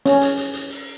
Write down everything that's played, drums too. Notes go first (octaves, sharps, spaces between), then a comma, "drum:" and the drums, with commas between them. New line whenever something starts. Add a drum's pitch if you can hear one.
C#4, drum: hi-hat
drum: hi-hat
drum: hi-hat
drum: hi-hat
drum: open hi-hat